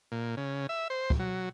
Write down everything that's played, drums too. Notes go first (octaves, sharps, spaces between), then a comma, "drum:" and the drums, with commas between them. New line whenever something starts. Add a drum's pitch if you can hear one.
A#2
C#3
E5
C5
drum: kick
F#3